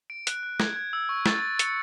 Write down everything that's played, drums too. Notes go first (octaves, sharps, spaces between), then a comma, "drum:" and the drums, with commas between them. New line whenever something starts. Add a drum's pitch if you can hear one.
D7
F#6, drum: hi-hat
F#6
G#6, drum: snare
G#6
E6
C#6
A6, drum: snare
A6
C#7, drum: hi-hat